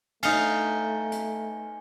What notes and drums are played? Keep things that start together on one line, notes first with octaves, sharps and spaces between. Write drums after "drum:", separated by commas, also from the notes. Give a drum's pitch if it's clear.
A3 D#4 F5 G#5 C#7 G7, drum: cymbal
drum: hi-hat